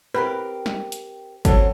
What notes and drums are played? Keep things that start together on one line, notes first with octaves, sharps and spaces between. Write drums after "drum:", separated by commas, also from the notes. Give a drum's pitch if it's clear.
C4 G4 A#4 B4
drum: snare
drum: hi-hat
F#2 F#3 C4 A4, drum: kick G1, hi-hat